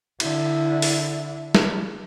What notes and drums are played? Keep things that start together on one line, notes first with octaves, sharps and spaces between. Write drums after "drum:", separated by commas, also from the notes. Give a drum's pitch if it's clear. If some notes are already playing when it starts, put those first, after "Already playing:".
D3 E4, drum: cymbal
drum: open hi-hat
drum: snare